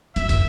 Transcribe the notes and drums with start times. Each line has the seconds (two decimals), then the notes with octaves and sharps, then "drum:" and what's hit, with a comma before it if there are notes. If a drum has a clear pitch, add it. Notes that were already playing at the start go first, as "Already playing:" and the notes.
0.16 F#2 E5, drum: hi-hat
0.29 drum: kick, hi-hat